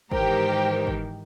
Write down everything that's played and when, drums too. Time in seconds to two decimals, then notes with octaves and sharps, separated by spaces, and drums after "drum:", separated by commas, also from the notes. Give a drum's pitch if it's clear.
0.11 G#2 D#3 E3 G4 A#4 C5 G5, drum: kick
0.87 drum: kick